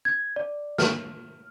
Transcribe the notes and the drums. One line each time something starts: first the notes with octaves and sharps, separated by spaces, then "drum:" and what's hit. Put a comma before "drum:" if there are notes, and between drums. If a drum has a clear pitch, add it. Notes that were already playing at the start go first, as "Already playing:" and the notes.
G#6
D5
F6, drum: snare